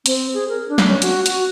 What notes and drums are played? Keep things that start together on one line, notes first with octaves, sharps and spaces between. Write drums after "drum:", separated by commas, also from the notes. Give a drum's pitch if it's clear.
C4, drum: hi-hat
G#4
A#4
D4
drum: snare
C#4
F#4, drum: hi-hat
F#4, drum: hi-hat